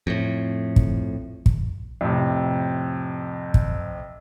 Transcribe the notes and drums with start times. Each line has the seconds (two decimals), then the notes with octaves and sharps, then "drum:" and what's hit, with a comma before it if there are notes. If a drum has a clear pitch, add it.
0.07 F2 A2
0.76 drum: kick
1.46 drum: kick
2.01 F2 A2 C3
3.54 drum: kick